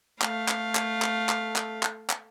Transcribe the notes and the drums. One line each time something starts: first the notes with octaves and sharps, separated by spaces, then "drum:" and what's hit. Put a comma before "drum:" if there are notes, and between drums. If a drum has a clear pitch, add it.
A3 F5, drum: clap
drum: clap
drum: clap
drum: clap
drum: clap
drum: clap
drum: clap
drum: clap